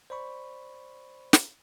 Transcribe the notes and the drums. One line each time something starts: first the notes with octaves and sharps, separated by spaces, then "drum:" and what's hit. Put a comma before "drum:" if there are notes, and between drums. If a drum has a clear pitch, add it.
C5 D5 B5 C#6
drum: snare